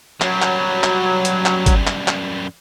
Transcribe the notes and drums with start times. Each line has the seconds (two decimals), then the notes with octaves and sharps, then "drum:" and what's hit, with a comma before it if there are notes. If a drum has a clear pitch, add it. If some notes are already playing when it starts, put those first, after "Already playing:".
0.21 F#2 F#3 G3, drum: clap
0.42 drum: clap
0.83 drum: clap
1.25 drum: hi-hat
1.46 drum: clap
1.66 drum: kick, hi-hat
1.87 drum: clap
2.08 drum: clap